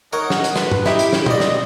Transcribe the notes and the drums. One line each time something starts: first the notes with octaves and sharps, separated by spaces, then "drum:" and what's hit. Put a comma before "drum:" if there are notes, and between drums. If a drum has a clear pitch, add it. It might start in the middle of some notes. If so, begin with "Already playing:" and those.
D#4 A#4 C#5 D#5 F#5
drum: snare
drum: hi-hat
B4 C6, drum: snare
drum: tom
D#4 E4 G4, drum: snare
drum: hi-hat
drum: snare
C4 D5 D#5, drum: tom
drum: snare